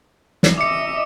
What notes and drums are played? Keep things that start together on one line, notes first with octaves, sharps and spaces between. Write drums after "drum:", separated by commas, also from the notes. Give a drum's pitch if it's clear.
drum: snare
D#5 E5 D6 C#7